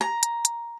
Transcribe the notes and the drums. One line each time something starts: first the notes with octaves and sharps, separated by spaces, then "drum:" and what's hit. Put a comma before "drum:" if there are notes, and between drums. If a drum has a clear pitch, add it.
A#5
drum: hi-hat
drum: hi-hat